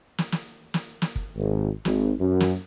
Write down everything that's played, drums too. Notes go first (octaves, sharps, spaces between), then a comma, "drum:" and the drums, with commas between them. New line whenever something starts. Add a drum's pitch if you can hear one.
drum: snare
drum: snare
drum: snare
drum: snare
drum: kick
G#1
G#1, drum: snare
F#2
drum: snare